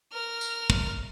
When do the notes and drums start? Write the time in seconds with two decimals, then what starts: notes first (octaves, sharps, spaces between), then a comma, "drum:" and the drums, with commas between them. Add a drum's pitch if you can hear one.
0.12 A#4 F6
0.41 drum: tambourine
0.70 drum: kick